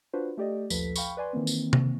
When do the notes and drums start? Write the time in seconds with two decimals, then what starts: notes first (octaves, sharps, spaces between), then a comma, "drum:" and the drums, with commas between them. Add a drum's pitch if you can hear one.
0.13 D4 F4 F#4 B4 C5
0.37 A3 G4 D5 D#5
0.70 A#1 D#2 F3 A4 B4 B6, drum: tambourine
0.96 F5 G5 B5 C#6, drum: tambourine
1.17 B4 D5 G#5 C6
1.33 D#3 E3 A#3 C4
1.47 drum: tambourine
1.73 drum: tom C3